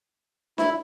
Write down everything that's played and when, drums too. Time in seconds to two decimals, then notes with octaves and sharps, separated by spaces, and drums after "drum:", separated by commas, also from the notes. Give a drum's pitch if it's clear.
0.58 E4, drum: snare D4